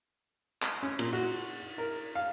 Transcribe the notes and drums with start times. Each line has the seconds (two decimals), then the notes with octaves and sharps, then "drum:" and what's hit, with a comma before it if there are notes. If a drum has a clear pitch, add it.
0.63 drum: clap
0.83 C#4
0.99 A#2, drum: cymbal
1.13 F#4
1.78 A#4
2.15 F5